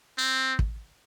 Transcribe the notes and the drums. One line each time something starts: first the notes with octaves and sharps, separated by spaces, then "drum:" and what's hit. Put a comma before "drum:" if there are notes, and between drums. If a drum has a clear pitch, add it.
C4
drum: kick